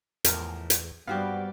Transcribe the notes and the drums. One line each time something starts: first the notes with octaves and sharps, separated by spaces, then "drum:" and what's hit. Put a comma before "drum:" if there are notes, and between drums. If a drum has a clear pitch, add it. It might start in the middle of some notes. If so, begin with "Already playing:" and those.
E2 A2 F3 A#4, drum: hi-hat
drum: hi-hat
G2 G3 B3 C4 F#4 G4 D5 F5